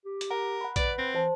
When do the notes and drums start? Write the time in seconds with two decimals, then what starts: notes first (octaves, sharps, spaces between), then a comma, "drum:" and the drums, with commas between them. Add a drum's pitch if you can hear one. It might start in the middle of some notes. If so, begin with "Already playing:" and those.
0.05 G4
0.21 drum: hi-hat
0.31 A#4 F#5
0.61 F#5 B5
0.76 B4 D5, drum: kick, hi-hat
0.98 C4
1.15 E3 C5 A5